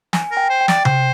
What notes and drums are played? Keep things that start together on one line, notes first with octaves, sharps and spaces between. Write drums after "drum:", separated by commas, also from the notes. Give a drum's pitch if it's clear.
G#5, drum: snare
A#4
G5
C5
G5
D5, drum: snare
C5, drum: tom C3